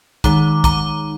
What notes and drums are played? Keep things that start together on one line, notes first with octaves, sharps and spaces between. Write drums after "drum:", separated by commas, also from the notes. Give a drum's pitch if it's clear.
D#3 G#3 D#4 A#5 D6, drum: kick, hi-hat
A#5 D6, drum: kick, hi-hat